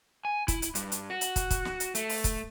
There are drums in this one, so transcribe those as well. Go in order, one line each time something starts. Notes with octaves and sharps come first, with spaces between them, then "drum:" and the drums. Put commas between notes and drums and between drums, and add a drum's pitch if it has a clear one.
G#5
E4, drum: kick, hi-hat
drum: hi-hat
G2, drum: hi-hat
drum: hi-hat
F#4
drum: hi-hat
drum: kick, hi-hat
drum: kick, hi-hat
drum: snare
drum: hi-hat
A3, drum: hi-hat
drum: open hi-hat
drum: kick, hi-hat